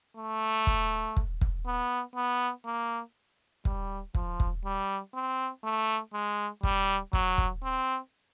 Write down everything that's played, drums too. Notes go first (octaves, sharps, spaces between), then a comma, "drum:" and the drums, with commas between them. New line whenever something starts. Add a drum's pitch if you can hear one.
A3
drum: kick
drum: kick
drum: kick
B3
B3
A#3
G3, drum: kick
F3, drum: kick
drum: kick
G3
C4
A3
G#3
G3, drum: kick
F#3, drum: kick
drum: kick
C4